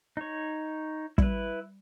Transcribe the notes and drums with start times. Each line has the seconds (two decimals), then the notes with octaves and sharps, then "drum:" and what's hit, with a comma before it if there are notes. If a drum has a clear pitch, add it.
0.17 D#4 C#5
1.18 G3 E4 B4, drum: kick